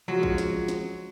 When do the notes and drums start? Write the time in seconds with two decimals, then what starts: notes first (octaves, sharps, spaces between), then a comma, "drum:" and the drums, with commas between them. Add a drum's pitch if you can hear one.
0.08 F3 F#3 G#3, drum: tom C3
0.23 drum: kick A#1
0.38 drum: snare
0.68 drum: snare